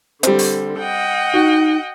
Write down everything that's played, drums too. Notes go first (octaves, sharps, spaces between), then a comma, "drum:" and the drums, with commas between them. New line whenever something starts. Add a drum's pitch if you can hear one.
D3 G3 C4, drum: hi-hat
drum: open hi-hat
D#5 F#5 G5
D#4 F#4